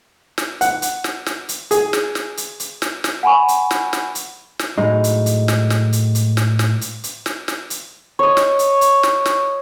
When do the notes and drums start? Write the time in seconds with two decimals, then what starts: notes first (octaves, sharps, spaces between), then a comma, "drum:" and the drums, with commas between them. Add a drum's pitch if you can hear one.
0.38 drum: snare
0.61 F#5, drum: hi-hat
0.82 drum: hi-hat
1.04 drum: snare
1.26 drum: snare
1.49 drum: hi-hat
1.71 G#4, drum: hi-hat
1.93 drum: snare
2.15 drum: snare
2.37 drum: hi-hat
2.60 drum: hi-hat
2.82 drum: snare
3.04 drum: snare
3.23 F#5 G#5 B5 C#6
3.48 drum: hi-hat
3.71 drum: snare
3.93 drum: snare
4.15 drum: hi-hat
4.59 drum: snare
4.78 A2 F#3 G#3 D#4
5.04 drum: hi-hat
5.26 drum: hi-hat
5.48 drum: snare
5.70 drum: snare
5.93 drum: hi-hat
6.15 drum: hi-hat
6.37 drum: snare
6.59 drum: snare
6.81 drum: hi-hat
7.04 drum: hi-hat
7.26 drum: snare
7.48 drum: snare
7.70 drum: hi-hat
8.19 C#5 D#5
8.37 drum: snare
8.59 drum: hi-hat
8.81 drum: hi-hat
9.03 drum: snare
9.26 drum: snare